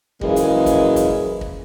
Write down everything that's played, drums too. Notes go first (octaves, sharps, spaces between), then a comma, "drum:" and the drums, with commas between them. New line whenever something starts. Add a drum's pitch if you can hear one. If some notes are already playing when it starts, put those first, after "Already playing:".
F#2 A#2 E3 F3 G#3, drum: kick
drum: hi-hat
drum: kick, hi-hat
drum: kick, hi-hat
drum: kick